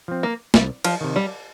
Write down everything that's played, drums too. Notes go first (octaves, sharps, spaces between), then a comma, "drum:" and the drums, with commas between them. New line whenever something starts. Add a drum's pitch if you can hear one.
F3 C4
A#3
C2 G3, drum: snare
F3, drum: cymbal
C3 D#3
G3